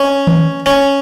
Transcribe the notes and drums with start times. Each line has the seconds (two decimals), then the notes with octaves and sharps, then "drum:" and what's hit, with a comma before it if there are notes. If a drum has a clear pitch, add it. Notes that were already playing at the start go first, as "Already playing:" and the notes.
Already playing: C#4
0.27 drum: tom D#3
0.66 C#4